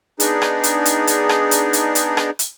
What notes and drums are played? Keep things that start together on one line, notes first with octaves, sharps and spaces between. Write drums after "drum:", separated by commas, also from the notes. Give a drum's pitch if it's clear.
B3 D4 D#4 G#4, drum: hi-hat
drum: rim click
drum: hi-hat
drum: hi-hat
drum: hi-hat
drum: rim click
drum: hi-hat
drum: hi-hat
drum: hi-hat
drum: rim click
drum: hi-hat